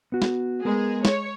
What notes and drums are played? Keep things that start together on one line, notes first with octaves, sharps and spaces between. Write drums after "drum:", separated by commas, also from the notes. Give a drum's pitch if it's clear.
B3 F#4
drum: snare
G#3 B3 G#4 A#4
C#5, drum: snare